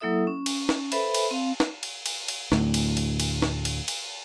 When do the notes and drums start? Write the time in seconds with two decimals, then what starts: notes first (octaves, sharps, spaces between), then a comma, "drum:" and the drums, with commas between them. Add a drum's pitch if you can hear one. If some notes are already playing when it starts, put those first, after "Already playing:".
0.01 F#3 A#3 E4 A4 E5 D#6
0.27 C#4
0.46 drum: cymbal
0.69 drum: snare
0.92 A4 B4 C5 E5 B5, drum: cymbal
1.14 drum: cymbal
1.31 C4 F5
1.60 drum: snare
1.83 drum: cymbal
2.06 drum: cymbal
2.28 drum: cymbal
2.52 D2 A2, drum: snare
2.74 drum: cymbal
2.97 drum: cymbal
3.20 drum: cymbal
3.42 drum: snare
3.65 drum: cymbal
3.88 drum: cymbal